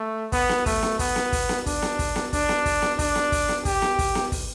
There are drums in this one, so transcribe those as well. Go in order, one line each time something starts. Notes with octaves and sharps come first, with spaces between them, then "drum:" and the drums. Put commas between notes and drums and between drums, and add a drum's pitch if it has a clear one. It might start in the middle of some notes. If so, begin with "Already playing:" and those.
Already playing: A3
B3, drum: kick, open hi-hat
drum: snare B3
A3, drum: kick, open hi-hat
drum: snare B3
B3, drum: kick, open hi-hat
drum: snare B3
drum: kick, open hi-hat
drum: snare B3
D4, drum: kick, open hi-hat
drum: snare B3
drum: kick, open hi-hat
drum: snare B3
D4, drum: kick, open hi-hat
drum: snare B3
drum: kick, open hi-hat
drum: snare B3
D4, drum: kick, open hi-hat
drum: snare B3
drum: kick, open hi-hat
drum: snare B3
G4, drum: kick, open hi-hat
drum: snare B3
drum: kick, open hi-hat
drum: snare B3
drum: kick, open hi-hat